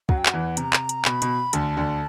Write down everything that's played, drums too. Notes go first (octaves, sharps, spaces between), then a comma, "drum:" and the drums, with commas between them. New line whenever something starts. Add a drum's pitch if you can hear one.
F#2 F#3 F#5, drum: kick
G5
F#5, drum: clap
E2 E3
C3 A#5, drum: hi-hat
drum: clap
drum: hi-hat
B2 B5, drum: clap
B2, drum: hi-hat
D2 D3 A5, drum: hi-hat
D2 D3